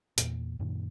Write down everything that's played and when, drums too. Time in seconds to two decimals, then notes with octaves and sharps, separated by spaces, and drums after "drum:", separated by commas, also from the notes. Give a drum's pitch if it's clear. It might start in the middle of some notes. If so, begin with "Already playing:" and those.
0.18 E2 A#2, drum: hi-hat
0.59 F#2 A#2 D#3